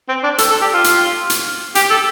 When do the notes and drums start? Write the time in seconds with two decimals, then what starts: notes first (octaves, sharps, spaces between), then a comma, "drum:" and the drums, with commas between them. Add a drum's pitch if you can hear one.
0.09 C4
0.23 D4
0.38 A4, drum: hi-hat
0.50 A4
0.61 G4
0.73 F4
0.84 drum: hi-hat
1.30 drum: hi-hat
1.75 G4, drum: hi-hat
1.90 A4